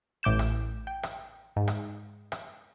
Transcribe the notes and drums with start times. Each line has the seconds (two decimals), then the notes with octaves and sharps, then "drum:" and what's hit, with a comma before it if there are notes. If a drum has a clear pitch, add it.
0.23 A1 A2 D6 G6 E7
0.39 drum: rim click
0.87 G5
1.03 drum: rim click
1.56 G#2
1.68 drum: rim click
2.32 drum: rim click